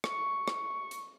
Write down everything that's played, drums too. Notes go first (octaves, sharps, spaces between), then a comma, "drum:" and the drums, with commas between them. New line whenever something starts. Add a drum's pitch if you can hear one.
C#6, drum: rim click
drum: rim click
drum: hi-hat